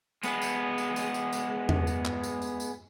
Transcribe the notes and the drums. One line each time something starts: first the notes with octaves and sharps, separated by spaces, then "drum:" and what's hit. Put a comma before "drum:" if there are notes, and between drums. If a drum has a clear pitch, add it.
G#3 B3, drum: tambourine
drum: tambourine
drum: tambourine
drum: tambourine
drum: tambourine
drum: tambourine
drum: tom E2
drum: tambourine
drum: clap
drum: tambourine
drum: tambourine
drum: tambourine